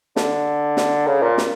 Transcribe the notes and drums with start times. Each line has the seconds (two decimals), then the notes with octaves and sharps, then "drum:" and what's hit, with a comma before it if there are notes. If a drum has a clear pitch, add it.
0.16 D3, drum: snare
0.77 drum: snare
1.07 C#3
1.22 A#2
1.38 drum: snare